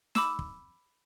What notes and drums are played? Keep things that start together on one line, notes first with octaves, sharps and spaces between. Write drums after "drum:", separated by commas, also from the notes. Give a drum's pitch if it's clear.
B5 D6 E6 E7, drum: snare
drum: kick